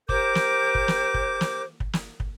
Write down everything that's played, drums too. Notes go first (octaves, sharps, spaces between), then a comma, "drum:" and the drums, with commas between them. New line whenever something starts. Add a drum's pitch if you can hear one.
G4 A#4 C5 D6 G6, drum: kick
drum: snare
drum: kick
drum: snare
drum: kick
drum: snare
drum: kick
drum: snare
drum: kick